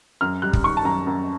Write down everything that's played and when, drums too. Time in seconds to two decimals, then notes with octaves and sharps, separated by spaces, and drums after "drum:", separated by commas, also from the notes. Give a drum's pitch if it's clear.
0.21 F#2 F6
0.42 G3 F#6
0.53 drum: kick
0.64 D#3 C#6
0.77 A5
0.85 F#2 A#5
1.07 F#2